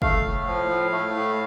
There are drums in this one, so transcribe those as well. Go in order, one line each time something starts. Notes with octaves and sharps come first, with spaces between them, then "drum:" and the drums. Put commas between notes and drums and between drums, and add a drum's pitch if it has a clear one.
A3 F5, drum: kick
A2
F3
A2
A3
A2